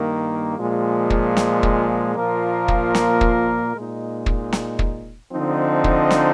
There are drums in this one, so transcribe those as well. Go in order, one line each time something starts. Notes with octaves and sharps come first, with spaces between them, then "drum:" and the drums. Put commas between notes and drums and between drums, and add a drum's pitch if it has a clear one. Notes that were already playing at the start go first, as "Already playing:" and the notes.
Already playing: G2 D#3 A#3
A#2 F3 G#3
drum: kick
drum: snare
drum: kick
A#2 F3 A#3 F4 A#4
drum: kick
drum: snare
drum: kick
A#2 G#3 D#4
drum: kick
drum: snare
drum: kick
D3 F3 C4 D#4
drum: kick
drum: snare